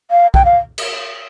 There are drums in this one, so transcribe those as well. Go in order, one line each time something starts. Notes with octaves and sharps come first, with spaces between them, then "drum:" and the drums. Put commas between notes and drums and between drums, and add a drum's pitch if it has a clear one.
F5
G5, drum: kick B1
F5
drum: cymbal